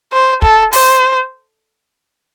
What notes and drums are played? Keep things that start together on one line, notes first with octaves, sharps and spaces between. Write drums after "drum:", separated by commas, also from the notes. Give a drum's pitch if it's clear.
C5
A4, drum: kick
C5, drum: open hi-hat